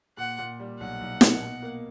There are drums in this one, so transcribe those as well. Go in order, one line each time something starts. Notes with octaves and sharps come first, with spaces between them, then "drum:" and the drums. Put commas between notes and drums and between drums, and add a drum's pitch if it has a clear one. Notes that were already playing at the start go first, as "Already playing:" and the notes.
A#2 F#5
A#2
G3
B1 F#5
B1
A#2, drum: snare
B2
A#3